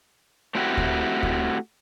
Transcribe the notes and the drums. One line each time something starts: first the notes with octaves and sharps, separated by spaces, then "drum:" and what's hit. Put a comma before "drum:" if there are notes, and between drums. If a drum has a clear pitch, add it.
A3 C4 E4 F#4 G4
drum: kick D2
drum: kick D2